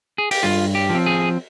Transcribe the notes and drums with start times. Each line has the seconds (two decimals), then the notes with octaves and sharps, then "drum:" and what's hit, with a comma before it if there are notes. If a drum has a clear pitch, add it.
0.18 G#4
0.31 G4, drum: open hi-hat
0.43 G2 F4
0.75 G4
0.90 F3 C4
1.06 G#4